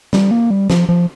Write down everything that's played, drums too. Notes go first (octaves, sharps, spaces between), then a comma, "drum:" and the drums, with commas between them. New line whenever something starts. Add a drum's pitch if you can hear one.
G3, drum: snare
A#3
G3
F3, drum: snare
F3